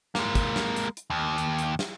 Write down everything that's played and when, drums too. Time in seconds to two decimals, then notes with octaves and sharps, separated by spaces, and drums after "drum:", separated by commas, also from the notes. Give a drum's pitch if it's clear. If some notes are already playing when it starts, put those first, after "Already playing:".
0.15 G#3 A#3, drum: snare
0.35 drum: kick, hi-hat
0.56 drum: snare
0.76 drum: hi-hat
0.97 drum: hi-hat
1.10 D#2
1.38 drum: hi-hat
1.59 drum: hi-hat
1.79 drum: snare